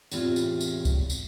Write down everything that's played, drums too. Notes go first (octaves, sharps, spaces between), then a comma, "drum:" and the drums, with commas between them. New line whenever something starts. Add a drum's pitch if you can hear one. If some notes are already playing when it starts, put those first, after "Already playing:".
E2 A2 C3 F4, drum: tambourine
drum: tambourine
drum: tambourine
drum: kick C2, tambourine
drum: tambourine